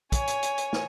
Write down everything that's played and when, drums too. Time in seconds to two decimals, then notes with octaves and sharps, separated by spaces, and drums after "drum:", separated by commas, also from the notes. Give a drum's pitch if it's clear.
0.12 C#5 G#5, drum: kick, hi-hat
0.27 drum: hi-hat
0.42 drum: hi-hat
0.58 drum: hi-hat
0.73 drum: snare